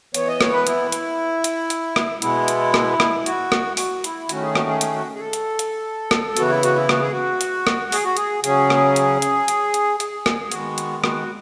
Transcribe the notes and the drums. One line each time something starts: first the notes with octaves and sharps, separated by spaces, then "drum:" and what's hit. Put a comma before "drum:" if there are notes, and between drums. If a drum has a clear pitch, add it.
E3 B3 C#5, drum: hi-hat
D#5
C#5, drum: rim click
B4
E4, drum: hi-hat
drum: hi-hat
drum: hi-hat
drum: hi-hat
drum: rim click
B2 G#3 B3 E4, drum: hi-hat
drum: hi-hat
drum: rim click
drum: rim click
F#4, drum: hi-hat
drum: rim click
F#4, drum: open hi-hat
E4, drum: hi-hat
D#3 A3 C#4 F#4, drum: hi-hat
G#4
F#4, drum: rim click
G#4
G#4, drum: hi-hat
F#4
G#4
A4
drum: hi-hat
drum: hi-hat
drum: rim click
C#3 E3 B3 F#4, drum: hi-hat
E4
F#4, drum: hi-hat
E4
F#4, drum: rim click
G#4
F#4
drum: hi-hat
drum: rim click
G#4, drum: open hi-hat
F#4
G#4, drum: hi-hat
C#3 F#3 C#4 G#4, drum: hi-hat
drum: rim click
drum: hi-hat
drum: hi-hat
drum: hi-hat
drum: hi-hat
G#4, drum: hi-hat
drum: rim click
D#3 G#3 B3 F#4, drum: hi-hat
drum: hi-hat
F#4, drum: rim click